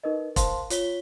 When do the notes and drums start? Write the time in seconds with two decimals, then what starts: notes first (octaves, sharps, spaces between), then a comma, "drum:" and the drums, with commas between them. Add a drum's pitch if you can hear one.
0.04 D#4 A#4 B4 D#5
0.36 A#4 C5 F5 A5 C6, drum: kick E1, hi-hat
0.70 F4 C#5 B6 G7, drum: hi-hat